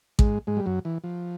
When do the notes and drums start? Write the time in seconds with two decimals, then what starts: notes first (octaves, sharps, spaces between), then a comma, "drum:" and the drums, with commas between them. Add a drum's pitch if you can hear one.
0.19 G#2 G#3, drum: kick A1
0.47 G#2 G#3
0.57 G3
0.66 F#2 F#3
0.85 E3
1.04 F3